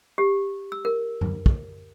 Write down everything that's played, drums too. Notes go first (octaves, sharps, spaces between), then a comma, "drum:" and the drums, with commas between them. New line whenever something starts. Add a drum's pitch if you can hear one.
G4
E6
A#4
drum: tom F#2
drum: kick